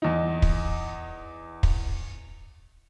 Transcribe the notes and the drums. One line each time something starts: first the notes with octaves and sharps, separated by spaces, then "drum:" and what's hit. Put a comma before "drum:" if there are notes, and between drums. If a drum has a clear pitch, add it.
E2 D#4
drum: kick
drum: kick